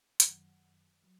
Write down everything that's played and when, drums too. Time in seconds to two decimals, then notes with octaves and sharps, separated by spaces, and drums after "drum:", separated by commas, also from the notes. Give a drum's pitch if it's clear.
0.20 F#2 D#3 F#3 F#5, drum: hi-hat
1.03 F#3